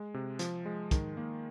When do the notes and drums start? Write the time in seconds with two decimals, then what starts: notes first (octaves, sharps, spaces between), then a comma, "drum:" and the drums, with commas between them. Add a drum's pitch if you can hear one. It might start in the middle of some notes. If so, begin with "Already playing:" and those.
Already playing: G#3
0.14 C3
0.39 F3, drum: hi-hat
0.66 G#3
0.91 D#3, drum: kick, hi-hat
1.17 A#3